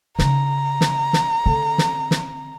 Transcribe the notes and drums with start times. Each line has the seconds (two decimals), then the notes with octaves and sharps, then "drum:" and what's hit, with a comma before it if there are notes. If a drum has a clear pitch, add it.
0.18 C#3 D#4 A#5, drum: snare
0.81 drum: snare
1.13 drum: snare
1.46 D3 C4
1.78 drum: snare
2.11 drum: snare